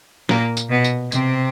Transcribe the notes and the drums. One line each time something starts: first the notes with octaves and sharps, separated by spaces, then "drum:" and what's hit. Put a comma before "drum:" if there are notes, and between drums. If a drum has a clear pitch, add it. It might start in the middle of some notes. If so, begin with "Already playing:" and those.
A#2 A#3, drum: snare
drum: tambourine
B2 B3
drum: tambourine
C3 C4, drum: tambourine